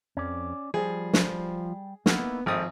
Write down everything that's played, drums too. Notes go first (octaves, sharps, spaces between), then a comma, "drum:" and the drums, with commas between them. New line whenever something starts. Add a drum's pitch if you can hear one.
F2 C#4 D5
F3 G3 G#4
F3, drum: snare
A#3 B3 D#4 E4, drum: snare
G#1 F3 A4 E5 G5 D#6